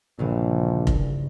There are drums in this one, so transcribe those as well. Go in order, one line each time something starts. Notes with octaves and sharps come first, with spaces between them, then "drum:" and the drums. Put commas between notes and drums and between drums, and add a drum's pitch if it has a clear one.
A#1 G2 C#3 E3
drum: kick F1